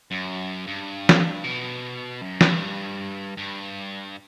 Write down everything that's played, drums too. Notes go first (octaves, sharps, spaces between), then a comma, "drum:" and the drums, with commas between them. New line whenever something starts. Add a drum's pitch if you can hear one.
F#2
G2
drum: snare E3
B2
F#2
G2, drum: snare E3
G2